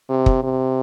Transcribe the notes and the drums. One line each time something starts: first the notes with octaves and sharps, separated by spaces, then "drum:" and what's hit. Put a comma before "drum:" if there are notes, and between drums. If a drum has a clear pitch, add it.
C3
drum: kick
C3